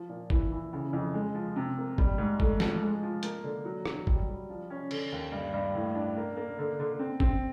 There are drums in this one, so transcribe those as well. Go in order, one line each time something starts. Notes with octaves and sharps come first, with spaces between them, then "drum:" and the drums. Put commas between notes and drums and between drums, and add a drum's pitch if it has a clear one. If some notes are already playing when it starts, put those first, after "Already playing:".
Already playing: F3
A#2
E3, drum: kick
E3
C#3
F2
G#3
F3
C3
A#3
G3, drum: kick
G#2
A3, drum: kick
F3, drum: snare
G#3
F3
A#3, drum: hi-hat
D3
F#3
F#3, drum: rim click
G3, drum: kick
G3
F3
C#4
D3, drum: cymbal
D#2
G2
G2
A2
D4
A#3
A#3
D3
D3
C4
C4, drum: kick